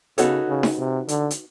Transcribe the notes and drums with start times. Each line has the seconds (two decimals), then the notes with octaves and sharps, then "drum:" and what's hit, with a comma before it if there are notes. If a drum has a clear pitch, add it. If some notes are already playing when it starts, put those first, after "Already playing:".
0.18 C#3 B3 D#4 F#4 A4 C#5, drum: hi-hat
0.48 C#3
0.63 drum: snare D#4
0.78 C3
1.08 D3, drum: hi-hat
1.31 drum: hi-hat